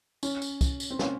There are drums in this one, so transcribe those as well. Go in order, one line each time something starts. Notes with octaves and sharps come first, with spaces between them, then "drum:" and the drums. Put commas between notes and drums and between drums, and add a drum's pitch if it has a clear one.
C#4, drum: tambourine
drum: tambourine
drum: kick, tambourine
drum: tambourine
C4
C#4, drum: snare